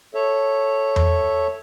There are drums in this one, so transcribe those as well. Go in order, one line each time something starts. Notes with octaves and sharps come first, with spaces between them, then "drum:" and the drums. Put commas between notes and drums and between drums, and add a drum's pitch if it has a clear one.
A4 C#5 E5
drum: tom E2